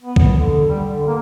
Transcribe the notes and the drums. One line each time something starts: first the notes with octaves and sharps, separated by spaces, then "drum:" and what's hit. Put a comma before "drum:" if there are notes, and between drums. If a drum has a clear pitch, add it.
B3
drum: kick
D3
G3
D3
A#3